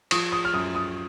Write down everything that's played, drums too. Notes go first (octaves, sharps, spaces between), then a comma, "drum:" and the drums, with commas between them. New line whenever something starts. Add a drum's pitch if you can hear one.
F3 D#6, drum: cymbal
D#6
F6
F#2 D#6
D#6